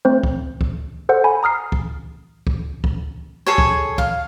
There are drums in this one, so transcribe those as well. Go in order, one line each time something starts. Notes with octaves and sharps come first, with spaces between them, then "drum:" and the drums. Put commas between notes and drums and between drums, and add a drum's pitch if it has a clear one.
A3 C4 C5
drum: kick C#2
drum: kick C#2
A4 C5 F#5
G#5 B5
A#5 D#6 F6 C7
drum: kick C#2
drum: kick C#2
drum: kick C#2
G#4 A4 C#5
drum: kick C#2
F5, drum: kick C#2